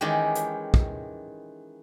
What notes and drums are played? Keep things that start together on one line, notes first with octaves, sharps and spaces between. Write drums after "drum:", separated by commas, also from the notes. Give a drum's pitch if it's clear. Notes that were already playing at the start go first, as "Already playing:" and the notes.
D#3 E3 G#3 C#4 G4
drum: hi-hat
drum: kick